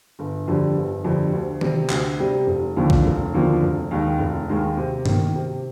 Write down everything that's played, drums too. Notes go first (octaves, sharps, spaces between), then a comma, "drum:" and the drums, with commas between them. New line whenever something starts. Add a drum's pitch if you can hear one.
G1
F2 D3 G3
G1
F2 D3 G3
D2
C3 G3, drum: tom
D2, drum: clap
C3 G3
F1
D#2 D3 F3 A#3
drum: kick
F1
D#2 D3 F3 A#3
F1
D#2 D#3 G#3 D#4
F1
D#2 D#3 G#3 D#4
C3
D#3 A#3, drum: tom G2
C3